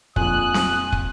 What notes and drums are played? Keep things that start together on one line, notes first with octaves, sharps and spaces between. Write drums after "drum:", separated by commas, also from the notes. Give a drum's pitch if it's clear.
A#1 F2 G#5 D#6 F#6, drum: kick
drum: snare C4
drum: kick